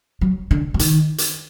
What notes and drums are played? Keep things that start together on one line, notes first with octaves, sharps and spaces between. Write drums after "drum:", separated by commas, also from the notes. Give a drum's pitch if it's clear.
F#3
D3
F#3
D#3, drum: hi-hat
drum: hi-hat